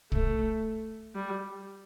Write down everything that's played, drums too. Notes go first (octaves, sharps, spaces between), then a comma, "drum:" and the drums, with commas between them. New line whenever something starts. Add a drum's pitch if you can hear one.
A3, drum: kick
G3